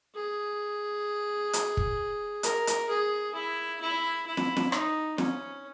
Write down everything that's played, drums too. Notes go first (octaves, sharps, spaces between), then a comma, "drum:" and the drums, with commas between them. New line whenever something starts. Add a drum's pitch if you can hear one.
G#4
drum: hi-hat
drum: kick
A#4, drum: hi-hat
drum: hi-hat
G#4
E4
E4
E4
drum: snare
drum: snare
D#4, drum: rim click
C#4, drum: snare